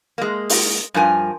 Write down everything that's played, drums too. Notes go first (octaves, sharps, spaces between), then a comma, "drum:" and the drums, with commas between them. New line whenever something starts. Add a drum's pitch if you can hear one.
G#3 A#3
drum: open hi-hat
G2 F3 A#4 G#5